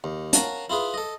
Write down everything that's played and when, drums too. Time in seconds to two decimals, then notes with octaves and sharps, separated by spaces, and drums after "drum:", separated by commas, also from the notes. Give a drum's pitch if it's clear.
0.04 D#2
0.33 A#4 C#5 F5 F#5 G#5 A5, drum: hi-hat
0.70 E4 F4 G#4 B4
0.94 A4 D#5